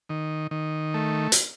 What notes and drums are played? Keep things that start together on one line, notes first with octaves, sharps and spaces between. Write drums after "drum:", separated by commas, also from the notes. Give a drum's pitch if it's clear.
D#3
D#3
A3
drum: hi-hat